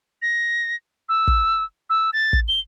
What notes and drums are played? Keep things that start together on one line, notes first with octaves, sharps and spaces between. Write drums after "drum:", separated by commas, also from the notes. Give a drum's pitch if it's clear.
A#6
E6
drum: kick
E6
A6
drum: kick
G7